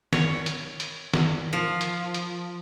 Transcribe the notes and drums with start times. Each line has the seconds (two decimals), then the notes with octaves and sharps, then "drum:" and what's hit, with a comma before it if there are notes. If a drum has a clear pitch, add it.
0.13 C#5, drum: snare
0.46 drum: hi-hat
0.80 drum: hi-hat
1.14 drum: snare
1.53 F3
1.81 drum: hi-hat
2.14 drum: hi-hat